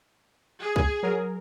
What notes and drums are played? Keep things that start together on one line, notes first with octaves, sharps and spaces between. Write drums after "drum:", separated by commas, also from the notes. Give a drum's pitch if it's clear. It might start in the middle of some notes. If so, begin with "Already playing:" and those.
G#4
drum: kick
F#3 A#4